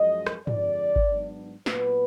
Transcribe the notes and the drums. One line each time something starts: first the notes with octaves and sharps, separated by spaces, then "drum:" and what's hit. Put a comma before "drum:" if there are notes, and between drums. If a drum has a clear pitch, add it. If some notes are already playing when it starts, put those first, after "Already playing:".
Already playing: F#2 F3 G#3 D#5
drum: rim click
F2 D3 G#3 D5, drum: tom
drum: kick G#1
G#2 F#3 B3 D4
A#2 F#3 B3 B4, drum: snare